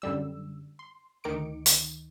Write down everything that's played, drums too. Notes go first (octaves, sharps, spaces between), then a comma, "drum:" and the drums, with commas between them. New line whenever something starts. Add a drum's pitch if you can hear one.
F#2 D3 G3 E6
C6
D2 D#3 D#4 D6 C#7 D7
drum: hi-hat